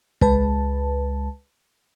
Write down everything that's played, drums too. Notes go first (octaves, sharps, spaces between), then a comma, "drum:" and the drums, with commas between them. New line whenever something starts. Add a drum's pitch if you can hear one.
C#2 G#3 B4 A5, drum: kick